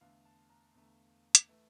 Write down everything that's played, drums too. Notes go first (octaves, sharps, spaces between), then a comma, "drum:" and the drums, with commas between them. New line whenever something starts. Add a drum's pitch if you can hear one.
E2 D3 A3 F5
A5
A#5
E2 D3 A3
drum: hi-hat
E3 A3